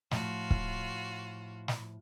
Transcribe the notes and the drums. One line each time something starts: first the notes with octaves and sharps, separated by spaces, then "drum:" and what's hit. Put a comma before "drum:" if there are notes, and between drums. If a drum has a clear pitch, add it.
A2 F3 F4 F#4, drum: snare
drum: kick
drum: snare